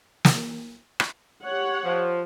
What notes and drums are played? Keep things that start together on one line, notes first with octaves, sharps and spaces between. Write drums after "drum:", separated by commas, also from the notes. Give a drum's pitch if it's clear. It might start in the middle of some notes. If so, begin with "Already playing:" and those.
drum: snare
drum: rim click
G4 C#5 F#5
F3